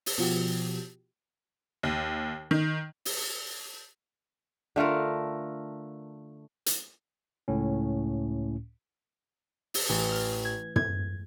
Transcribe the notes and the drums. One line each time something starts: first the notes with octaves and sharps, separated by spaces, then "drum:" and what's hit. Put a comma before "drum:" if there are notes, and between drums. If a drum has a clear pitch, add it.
drum: open hi-hat
B2 F3 F#4 G4
D#2
D#3
drum: open hi-hat
D3 A3 F4 A#4
drum: hi-hat
C#2 A2 C#4
drum: open hi-hat
A1
F6
G#6
G#6, drum: tom